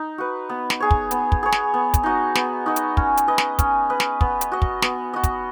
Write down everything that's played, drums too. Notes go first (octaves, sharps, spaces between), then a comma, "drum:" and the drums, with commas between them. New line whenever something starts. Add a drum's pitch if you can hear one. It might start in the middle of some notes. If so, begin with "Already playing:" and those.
Already playing: D#4
F#4 B4
B3
drum: snare
G#4 C#5
drum: kick
B3, drum: hi-hat
drum: kick
G#4 C#5
drum: snare
B3
drum: kick, hi-hat
D#4 F#4 D#5
B3, drum: snare
D#4 F#4 D#5
drum: hi-hat
C#4, drum: kick
drum: hi-hat
B4 D#5
drum: snare
C#4, drum: kick, hi-hat
B4 D#5
drum: snare
B3, drum: kick
drum: hi-hat
F#4 D#5
drum: kick
B3, drum: snare
F#4 D#5
drum: kick, hi-hat